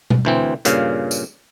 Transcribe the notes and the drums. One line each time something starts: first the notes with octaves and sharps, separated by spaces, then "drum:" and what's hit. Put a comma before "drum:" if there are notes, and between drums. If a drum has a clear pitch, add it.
drum: tom B2
D2 E3 C4
G2 A#2 C#3 F5, drum: hi-hat
drum: tambourine